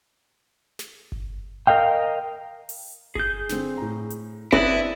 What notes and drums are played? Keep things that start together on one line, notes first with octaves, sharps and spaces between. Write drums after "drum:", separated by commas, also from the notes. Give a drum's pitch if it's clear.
drum: snare
drum: kick G1
A#4 D#5 F5 G5
drum: open hi-hat
G#4 G6, drum: kick G1
D3 C4, drum: snare
A2 A#5
drum: hi-hat
C4 D4 E4 B4 D5 D#6, drum: kick G1